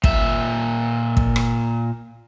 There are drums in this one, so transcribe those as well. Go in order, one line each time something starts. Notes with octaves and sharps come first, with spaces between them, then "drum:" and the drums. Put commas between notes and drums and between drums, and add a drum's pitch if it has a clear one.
A#2 E5, drum: kick
drum: kick
drum: rim click